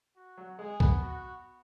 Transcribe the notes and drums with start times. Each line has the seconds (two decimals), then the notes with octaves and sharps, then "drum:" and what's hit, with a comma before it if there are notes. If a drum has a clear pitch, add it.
0.16 F#4
0.38 F#3
0.59 G#3 G#4
0.80 B3, drum: kick C2
1.02 F#4